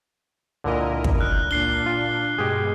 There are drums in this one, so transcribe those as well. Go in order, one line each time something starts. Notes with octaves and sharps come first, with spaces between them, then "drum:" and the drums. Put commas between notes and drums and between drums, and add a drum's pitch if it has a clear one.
C#2 A#2 D3 E4 A#4 D#5
drum: kick
F6 F#6
A#2 D4 F#6 C7 G7
F4
G2 B2 G#3 G4 G#4